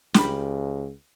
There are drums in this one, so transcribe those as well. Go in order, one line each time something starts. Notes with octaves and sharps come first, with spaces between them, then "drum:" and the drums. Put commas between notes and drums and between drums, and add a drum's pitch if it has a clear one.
C#2 G4 B5, drum: snare